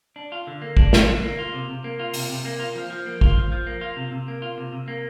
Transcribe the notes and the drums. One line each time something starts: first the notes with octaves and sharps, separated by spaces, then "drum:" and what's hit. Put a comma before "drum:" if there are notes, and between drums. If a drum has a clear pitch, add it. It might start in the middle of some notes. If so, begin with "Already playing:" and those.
D4
F4
D3
A#3
D4, drum: kick
F4, drum: snare
D3
A#3
F4
C3
C3
A#3
F4
C3, drum: open hi-hat
C3
A#3
F4
F3
F3
A#3
F4, drum: kick
F3
F3
A#3
F4
C3
C3
A#3
F4
C3
C3
A#3